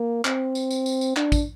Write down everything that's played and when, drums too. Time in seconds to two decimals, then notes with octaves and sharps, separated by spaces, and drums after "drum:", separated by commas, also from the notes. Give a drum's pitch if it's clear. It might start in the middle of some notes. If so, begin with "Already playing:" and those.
Already playing: A#3
0.25 C4, drum: clap
0.55 drum: tambourine
0.71 drum: tambourine
0.86 drum: tambourine
1.01 drum: tambourine
1.17 D4, drum: clap
1.32 drum: kick, tambourine